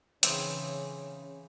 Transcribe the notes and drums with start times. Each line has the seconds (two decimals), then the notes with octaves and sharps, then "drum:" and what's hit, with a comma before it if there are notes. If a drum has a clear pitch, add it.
0.23 C#3 E3 C4 C#4 D#4, drum: hi-hat